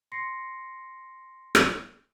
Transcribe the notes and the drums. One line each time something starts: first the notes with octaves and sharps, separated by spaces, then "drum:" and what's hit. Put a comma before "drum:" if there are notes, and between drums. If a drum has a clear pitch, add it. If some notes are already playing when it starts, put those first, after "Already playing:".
C6 A#6 C7 C#7
drum: rim click